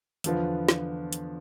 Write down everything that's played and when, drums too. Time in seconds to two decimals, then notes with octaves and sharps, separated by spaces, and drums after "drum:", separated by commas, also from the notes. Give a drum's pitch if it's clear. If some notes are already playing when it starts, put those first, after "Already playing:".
0.24 E2 D3 F3 B3 F4, drum: hi-hat
0.69 drum: snare
1.13 drum: hi-hat